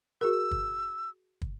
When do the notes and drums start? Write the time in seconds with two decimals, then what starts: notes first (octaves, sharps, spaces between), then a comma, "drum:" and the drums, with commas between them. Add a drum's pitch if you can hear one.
0.21 F#4 G#4 A#4 E6
0.51 drum: kick
1.42 drum: kick